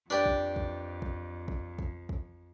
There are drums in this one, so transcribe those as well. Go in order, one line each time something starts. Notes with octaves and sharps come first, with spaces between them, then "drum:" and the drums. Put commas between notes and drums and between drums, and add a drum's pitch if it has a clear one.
F2 D4 G4 B4 D5
drum: kick
drum: kick
drum: kick
drum: kick
drum: kick
drum: kick